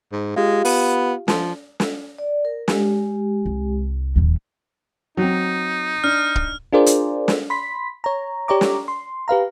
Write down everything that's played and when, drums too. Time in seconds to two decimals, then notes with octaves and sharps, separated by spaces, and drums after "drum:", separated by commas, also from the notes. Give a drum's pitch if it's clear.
0.12 G#2
0.36 G#3 F4 G4 F5
0.65 B3, drum: open hi-hat
1.28 F3, drum: snare
1.80 drum: snare
2.18 D5
2.45 A#4
2.68 G#3 G4, drum: snare
3.46 C2
4.16 D1 D#2
5.17 F#3 C4 D#4
6.04 D4 F6
6.35 drum: kick
6.73 D4 F4 G#4 A#4 C5 D5
6.86 drum: hi-hat
7.28 drum: snare
7.50 B5 C6 B6
8.04 C#5 A#5
8.48 G4 C#5 D5 A#5 D6
8.61 drum: snare
8.88 C6
9.28 G4 B4 F5 A#5